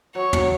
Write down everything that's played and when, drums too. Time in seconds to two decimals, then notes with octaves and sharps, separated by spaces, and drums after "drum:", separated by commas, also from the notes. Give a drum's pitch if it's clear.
0.15 F#3 C#5
0.33 drum: tom